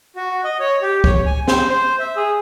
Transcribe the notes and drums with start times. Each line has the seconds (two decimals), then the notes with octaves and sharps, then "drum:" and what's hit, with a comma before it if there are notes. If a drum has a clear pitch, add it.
0.16 F#4
0.44 D#5
0.60 C#5
0.82 G4
1.04 C#5, drum: kick
1.26 G#5
1.48 C5, drum: snare
1.69 C5
2.00 E5
2.16 G#4